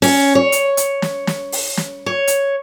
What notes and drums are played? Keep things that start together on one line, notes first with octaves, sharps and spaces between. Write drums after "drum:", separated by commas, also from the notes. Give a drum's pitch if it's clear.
C#4, drum: open hi-hat
C#5
drum: hi-hat
drum: hi-hat
drum: snare
drum: snare
drum: open hi-hat
drum: snare
C#5
drum: hi-hat